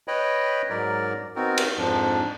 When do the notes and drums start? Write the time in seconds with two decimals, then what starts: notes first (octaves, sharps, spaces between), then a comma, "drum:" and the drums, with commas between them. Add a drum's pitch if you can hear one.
0.08 B4 C#5 D#5 G5 B5
0.70 G#2 F#3 A#4 D5
1.36 B3 C4 D#4 F#4 A#4
1.58 drum: cymbal
1.78 F2 G#2 F3 D4